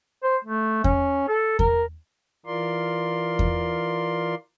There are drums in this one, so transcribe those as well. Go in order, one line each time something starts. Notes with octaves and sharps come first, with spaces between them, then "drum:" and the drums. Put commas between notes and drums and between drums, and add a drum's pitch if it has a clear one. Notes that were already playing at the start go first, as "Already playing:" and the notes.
C5
A3
C#4, drum: kick E2
A4
A#4, drum: kick E2
E3 F4 A#4 D5 C6
drum: kick E2